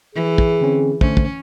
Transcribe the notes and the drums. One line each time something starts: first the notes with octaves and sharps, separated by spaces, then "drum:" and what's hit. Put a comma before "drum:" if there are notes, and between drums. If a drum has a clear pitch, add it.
E3 G#4
drum: kick
D3 C4 C#4
D3 A3 C#4 C5, drum: kick
drum: kick